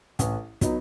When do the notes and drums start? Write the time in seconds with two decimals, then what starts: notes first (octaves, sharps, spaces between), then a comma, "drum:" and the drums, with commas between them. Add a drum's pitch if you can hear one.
0.19 A1, drum: kick, hi-hat
0.61 F#3 B3 D#4, drum: kick, hi-hat